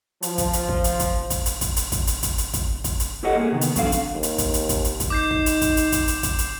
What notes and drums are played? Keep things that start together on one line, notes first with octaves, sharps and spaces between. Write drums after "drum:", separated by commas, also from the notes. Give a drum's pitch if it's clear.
F3, drum: hi-hat
drum: kick, hi-hat
drum: hi-hat
drum: kick
drum: hi-hat
drum: kick, hi-hat
drum: kick, hi-hat
drum: hi-hat
drum: kick, hi-hat
drum: hi-hat
drum: kick, hi-hat
drum: hi-hat
drum: kick, hi-hat
drum: hi-hat
drum: kick, hi-hat
drum: kick, hi-hat
drum: hi-hat
E4 G4 A4 C#5 D#5 F#5
A#3 G#4
C3 D#3 B3
drum: hi-hat
F#3 C4 D4 A4 D5 F5, drum: kick, hi-hat
drum: hi-hat
D#2
drum: hi-hat
drum: kick, hi-hat
drum: hi-hat
drum: kick, hi-hat
drum: hi-hat
drum: kick, hi-hat
D#4 D6 G6 C7
drum: kick
drum: hi-hat
drum: kick, hi-hat
drum: hi-hat
drum: kick, hi-hat
drum: hi-hat
drum: kick, hi-hat
drum: hi-hat